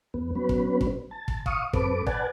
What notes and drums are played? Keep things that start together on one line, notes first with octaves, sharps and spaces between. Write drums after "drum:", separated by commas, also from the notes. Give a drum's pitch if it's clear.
E2 B3
F#3 B3 C#4 B4
drum: kick
drum: kick
A5
drum: kick
F5 C#6 D#6, drum: kick
F#2 C4 A4 B4 D6, drum: kick
B4 D5 F#5 G#5 A5, drum: kick